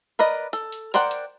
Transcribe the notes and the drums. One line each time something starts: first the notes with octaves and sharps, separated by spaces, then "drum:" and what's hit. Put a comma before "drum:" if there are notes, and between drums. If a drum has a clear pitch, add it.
A#4 B4 D5 D#5
A4, drum: hi-hat
drum: hi-hat
A#4 C5 D5 F#5 G5, drum: hi-hat
drum: hi-hat